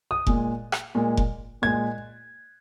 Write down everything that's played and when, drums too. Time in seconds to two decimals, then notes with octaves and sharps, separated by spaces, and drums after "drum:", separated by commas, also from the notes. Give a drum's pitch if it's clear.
0.11 D#6
0.27 A#2 G#3, drum: kick F1
0.72 drum: rim click
0.95 A#2 G#3
1.17 drum: kick F1
1.62 A#2 G#3 G#6